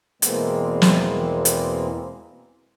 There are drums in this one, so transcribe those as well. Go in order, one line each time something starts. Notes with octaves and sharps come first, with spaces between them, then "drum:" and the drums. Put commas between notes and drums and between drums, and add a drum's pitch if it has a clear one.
E2 B2 E3 G#3 A#3 C4, drum: hi-hat
drum: snare
drum: hi-hat